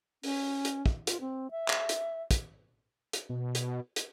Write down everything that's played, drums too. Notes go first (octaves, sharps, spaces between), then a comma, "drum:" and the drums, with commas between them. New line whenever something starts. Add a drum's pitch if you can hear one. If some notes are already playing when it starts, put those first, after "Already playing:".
C#4, drum: open hi-hat
drum: hi-hat
drum: kick
F4, drum: hi-hat
C4
E5
drum: clap
drum: hi-hat
drum: kick, hi-hat
drum: hi-hat
B2
drum: hi-hat
drum: hi-hat